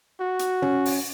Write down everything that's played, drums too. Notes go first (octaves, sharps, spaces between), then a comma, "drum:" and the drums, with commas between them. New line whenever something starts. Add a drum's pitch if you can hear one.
F#4
drum: hi-hat
C#4, drum: tom
drum: open hi-hat